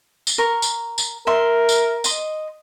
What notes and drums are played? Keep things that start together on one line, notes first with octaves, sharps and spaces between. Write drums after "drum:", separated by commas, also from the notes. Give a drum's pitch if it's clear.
drum: tambourine
A#4 C#6
drum: tambourine
drum: tambourine
A#4 E5 C6
drum: tambourine
D#5 C6, drum: tambourine